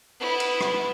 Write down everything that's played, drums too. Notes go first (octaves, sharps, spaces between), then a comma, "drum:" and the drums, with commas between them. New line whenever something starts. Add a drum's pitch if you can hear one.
B3 E4
drum: cymbal
drum: rim click